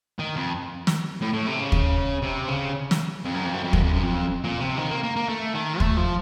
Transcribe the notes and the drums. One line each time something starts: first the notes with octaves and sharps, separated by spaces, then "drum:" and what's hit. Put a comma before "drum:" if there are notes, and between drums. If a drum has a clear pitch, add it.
D#3
F2
drum: snare
A2
A2
C3
C#3
drum: kick
C3
C#3
drum: snare
F2
F#2
F2
F#2
F2
F#2, drum: kick
F2
F#2
F2
A#2
C3
D#3
A#3
A#3
A#3
A3
D#3
A3, drum: kick
F3